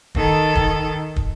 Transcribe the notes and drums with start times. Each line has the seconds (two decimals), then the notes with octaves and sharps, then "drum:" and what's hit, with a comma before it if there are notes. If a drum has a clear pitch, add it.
0.15 D#3 A4, drum: kick
0.55 drum: kick
1.16 drum: kick